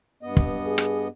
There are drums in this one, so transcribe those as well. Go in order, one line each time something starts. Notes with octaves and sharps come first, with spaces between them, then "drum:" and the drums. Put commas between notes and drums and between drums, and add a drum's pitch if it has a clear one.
G2 B3 D#5
drum: kick
G#4
drum: rim click